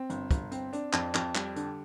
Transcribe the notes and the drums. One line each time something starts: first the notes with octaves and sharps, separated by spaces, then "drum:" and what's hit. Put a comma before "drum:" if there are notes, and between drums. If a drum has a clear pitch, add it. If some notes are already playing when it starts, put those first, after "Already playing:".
Already playing: C4
G1, drum: hi-hat
G1, drum: kick, hi-hat
C4, drum: hi-hat
D4, drum: hi-hat
F2, drum: clap
F2, drum: clap
G3, drum: clap
D3, drum: hi-hat